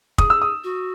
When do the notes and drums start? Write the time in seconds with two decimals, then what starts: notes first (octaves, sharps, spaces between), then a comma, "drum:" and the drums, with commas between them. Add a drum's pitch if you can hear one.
0.18 G#4 D#6, drum: kick
0.30 E6
0.42 D#6
0.64 F#4